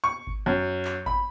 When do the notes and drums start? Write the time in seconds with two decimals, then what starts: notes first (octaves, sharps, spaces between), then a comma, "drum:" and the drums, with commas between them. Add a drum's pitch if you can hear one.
0.04 C#6
0.27 drum: kick G1
0.46 F#2
0.85 drum: clap
1.06 B5, drum: kick G1